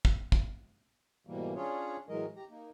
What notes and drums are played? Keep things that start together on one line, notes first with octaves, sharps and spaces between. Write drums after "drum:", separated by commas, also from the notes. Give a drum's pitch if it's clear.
drum: kick
drum: kick
G#2 B2 E3 G3 A#3
C#4 D4 F4 G#4 C#5
A2 E3 F#3 G#3 A#4 D#5
G4 A#5
A#3 D#4